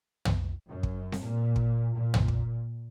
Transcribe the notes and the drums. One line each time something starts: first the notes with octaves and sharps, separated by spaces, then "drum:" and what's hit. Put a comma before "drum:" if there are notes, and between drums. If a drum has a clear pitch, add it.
drum: tom
F#2
drum: kick
drum: snare C4
A#2
drum: kick
A#2
drum: tom
drum: kick